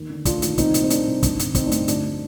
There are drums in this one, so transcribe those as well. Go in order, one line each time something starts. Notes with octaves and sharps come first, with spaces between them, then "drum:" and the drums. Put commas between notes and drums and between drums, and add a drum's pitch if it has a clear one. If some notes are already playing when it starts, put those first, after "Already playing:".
Already playing: D#2
D3
A3 D4 F4, drum: kick, hi-hat
D#2, drum: hi-hat
C2 C4 D#4, drum: kick, hi-hat
A#2, drum: hi-hat
C4
A3 D4, drum: hi-hat
C2
G2 D4, drum: kick, hi-hat
D3, drum: hi-hat
A3 C4 D#4, drum: kick, hi-hat
D4
G2, drum: hi-hat
D2 D4, drum: hi-hat
D3